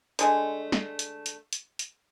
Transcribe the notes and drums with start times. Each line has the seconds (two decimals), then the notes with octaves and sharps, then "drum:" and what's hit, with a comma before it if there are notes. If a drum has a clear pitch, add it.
0.19 D3 G#3 A3, drum: hi-hat
0.72 drum: snare
0.99 drum: hi-hat
1.26 drum: hi-hat
1.53 drum: hi-hat
1.79 drum: hi-hat